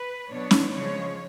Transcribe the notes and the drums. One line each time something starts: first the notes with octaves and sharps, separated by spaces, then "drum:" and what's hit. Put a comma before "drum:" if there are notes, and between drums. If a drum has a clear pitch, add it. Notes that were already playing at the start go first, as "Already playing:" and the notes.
Already playing: B4
B2 F#3 B3 D4 C#5
drum: snare C#4
C#3 F3 G#3 C#5